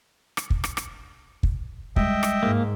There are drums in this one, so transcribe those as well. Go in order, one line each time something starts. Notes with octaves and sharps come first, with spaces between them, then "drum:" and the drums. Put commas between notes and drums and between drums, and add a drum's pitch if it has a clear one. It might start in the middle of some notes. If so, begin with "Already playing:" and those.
drum: rim click
drum: kick
drum: rim click
drum: rim click
drum: kick
G3 G#3 D#5 E5 G5, drum: kick
drum: rim click
G#2 A#3